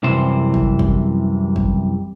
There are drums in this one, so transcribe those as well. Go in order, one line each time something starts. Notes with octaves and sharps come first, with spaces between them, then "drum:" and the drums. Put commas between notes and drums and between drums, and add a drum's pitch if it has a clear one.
C2 F#2 C3 E3 C5
drum: kick
drum: kick
drum: kick